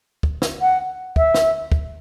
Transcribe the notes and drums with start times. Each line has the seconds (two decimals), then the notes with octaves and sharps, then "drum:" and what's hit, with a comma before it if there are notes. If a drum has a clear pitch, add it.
0.23 drum: kick
0.42 drum: snare
0.61 F#5
1.16 E5, drum: kick
1.34 drum: snare
1.72 drum: kick